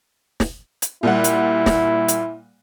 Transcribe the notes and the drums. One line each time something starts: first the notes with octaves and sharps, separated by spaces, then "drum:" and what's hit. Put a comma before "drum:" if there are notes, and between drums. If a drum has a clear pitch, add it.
drum: snare
drum: hi-hat
A#2 G3 E4 F#5
drum: hi-hat
drum: snare
drum: hi-hat